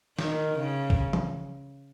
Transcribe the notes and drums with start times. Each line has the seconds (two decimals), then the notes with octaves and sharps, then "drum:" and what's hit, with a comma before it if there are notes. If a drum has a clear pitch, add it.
0.19 D#3, drum: snare
0.59 C#3
0.90 drum: kick
1.13 drum: tom E3